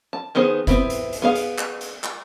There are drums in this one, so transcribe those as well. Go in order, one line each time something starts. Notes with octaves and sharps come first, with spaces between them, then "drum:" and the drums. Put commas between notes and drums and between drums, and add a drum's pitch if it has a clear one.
A5
D#3 B3 G#4 C5
B3 C4 E4, drum: kick F1, hi-hat
drum: hi-hat
drum: hi-hat
B3 G#4 F5
drum: hi-hat
drum: clap
drum: hi-hat
drum: clap